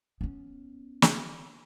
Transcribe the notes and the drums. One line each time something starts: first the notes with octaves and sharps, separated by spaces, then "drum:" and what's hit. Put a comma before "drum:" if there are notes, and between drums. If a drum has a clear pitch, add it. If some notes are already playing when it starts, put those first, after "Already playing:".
B3 C#4
drum: snare